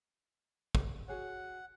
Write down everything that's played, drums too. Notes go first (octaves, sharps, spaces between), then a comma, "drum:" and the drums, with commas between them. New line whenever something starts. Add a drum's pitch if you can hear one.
drum: kick
F#4 G#4 C#5 F#5